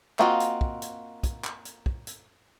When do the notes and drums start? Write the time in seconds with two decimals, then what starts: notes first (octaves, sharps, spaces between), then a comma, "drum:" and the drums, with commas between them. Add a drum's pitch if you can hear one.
0.19 A#3 C4 F4 F#4 D#5, drum: clap
0.40 drum: hi-hat
0.61 drum: kick
0.82 drum: hi-hat
1.23 drum: kick, hi-hat
1.44 drum: clap
1.65 drum: hi-hat
1.86 drum: kick
2.07 drum: hi-hat